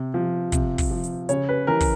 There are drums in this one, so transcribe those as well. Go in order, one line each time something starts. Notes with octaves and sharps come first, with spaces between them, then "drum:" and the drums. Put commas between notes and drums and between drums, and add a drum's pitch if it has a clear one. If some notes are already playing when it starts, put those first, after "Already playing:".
Already playing: C3
F3
C3, drum: kick, hi-hat
drum: kick, open hi-hat
F3
drum: hi-hat
C#3 C#5, drum: hi-hat
B4
E3 A#4
drum: kick, open hi-hat